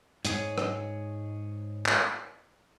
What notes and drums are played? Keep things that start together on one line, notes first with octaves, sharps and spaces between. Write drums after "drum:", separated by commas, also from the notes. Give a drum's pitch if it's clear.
G#2 G#4 C#5, drum: hi-hat
drum: rim click
drum: clap